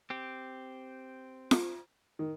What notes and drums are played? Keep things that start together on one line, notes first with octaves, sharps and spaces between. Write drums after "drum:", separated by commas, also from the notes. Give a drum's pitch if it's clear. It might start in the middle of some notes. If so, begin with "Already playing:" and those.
C4 G4
drum: snare
D#3